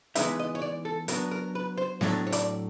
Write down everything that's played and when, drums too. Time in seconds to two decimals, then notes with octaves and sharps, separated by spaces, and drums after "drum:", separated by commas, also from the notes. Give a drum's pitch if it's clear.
0.15 E3 G#3 B3 D#4 E5, drum: hi-hat
0.39 D#5
0.55 C#5
0.62 D5
0.85 A4
1.08 F#3 B3 D4 A#4, drum: hi-hat
1.31 A#4
1.55 B4
1.77 C5
2.01 A2 F#3 A3 D4 C#5, drum: snare B3
2.27 C#5
2.32 D5, drum: hi-hat